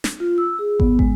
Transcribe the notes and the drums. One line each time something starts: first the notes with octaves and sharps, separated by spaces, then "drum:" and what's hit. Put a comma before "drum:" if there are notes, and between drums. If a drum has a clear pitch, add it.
drum: snare
F4
E6
G#4
B3, drum: kick
G#3, drum: kick